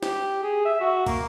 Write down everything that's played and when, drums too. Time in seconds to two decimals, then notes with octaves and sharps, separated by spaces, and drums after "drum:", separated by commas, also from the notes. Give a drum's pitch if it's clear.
0.03 G4, drum: snare
0.43 G#4
0.65 E5
0.81 F#4
1.06 A#3, drum: kick, cymbal